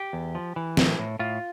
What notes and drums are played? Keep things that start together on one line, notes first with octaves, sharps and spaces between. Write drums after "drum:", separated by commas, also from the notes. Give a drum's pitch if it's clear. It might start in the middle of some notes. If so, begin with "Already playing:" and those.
Already playing: G4
E2
F3
E3
A2, drum: snare
A2
A2 F4